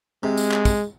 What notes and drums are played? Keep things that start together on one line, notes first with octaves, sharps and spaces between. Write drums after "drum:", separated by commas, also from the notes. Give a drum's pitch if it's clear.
C3 G#3
drum: tambourine
drum: clap
drum: kick, tambourine